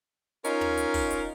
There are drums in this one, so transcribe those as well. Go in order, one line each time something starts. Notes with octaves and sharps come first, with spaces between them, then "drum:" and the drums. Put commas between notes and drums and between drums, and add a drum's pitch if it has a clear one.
C#4 D#4 F4 A#4, drum: hi-hat
drum: tom
drum: hi-hat
drum: kick, open hi-hat
drum: hi-hat